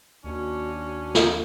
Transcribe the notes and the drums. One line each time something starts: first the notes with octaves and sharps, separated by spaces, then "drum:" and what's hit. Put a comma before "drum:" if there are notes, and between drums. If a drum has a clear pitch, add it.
D#2 C#4 D4 F#4
drum: snare